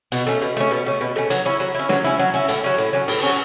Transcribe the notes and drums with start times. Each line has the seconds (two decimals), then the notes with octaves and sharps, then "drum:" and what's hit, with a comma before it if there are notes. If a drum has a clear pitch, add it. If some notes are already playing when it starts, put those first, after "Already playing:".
0.12 B2, drum: hi-hat
0.27 A3 C#4
0.42 B2
0.57 A3 C#4
0.71 B2
0.86 A3 C#4
1.01 B2
1.16 A3 C#4
1.30 F#3, drum: hi-hat
1.46 C#4 E4
1.60 F#3
1.75 C#4 E4
1.89 F#3, drum: snare
2.04 C#4 E4
2.19 F#3
2.34 C#4 E4
2.48 A2, drum: hi-hat
2.64 F#3 C#4
2.78 A2
2.93 F#3 C#4
3.08 A2, drum: open hi-hat
3.23 F#3 C#4